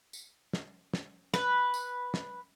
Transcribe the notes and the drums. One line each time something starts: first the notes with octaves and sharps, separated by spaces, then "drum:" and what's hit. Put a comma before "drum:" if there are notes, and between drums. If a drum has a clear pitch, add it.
drum: tambourine
drum: snare
drum: snare
B4, drum: snare
drum: tambourine
drum: snare